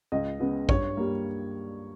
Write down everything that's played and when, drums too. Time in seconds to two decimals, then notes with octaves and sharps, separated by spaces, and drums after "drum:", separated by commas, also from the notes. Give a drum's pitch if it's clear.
0.12 C#2 D#5
0.40 C#3 G#3 B3
0.69 G2 C#5, drum: kick A1
0.97 G3 A#3